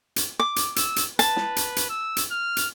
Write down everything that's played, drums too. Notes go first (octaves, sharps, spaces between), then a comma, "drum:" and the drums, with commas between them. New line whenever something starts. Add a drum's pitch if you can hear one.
drum: hi-hat
D6
drum: hi-hat
E6, drum: hi-hat
drum: hi-hat
B4 A5, drum: hi-hat
drum: snare
drum: hi-hat
drum: hi-hat
E6
drum: hi-hat
F6
drum: hi-hat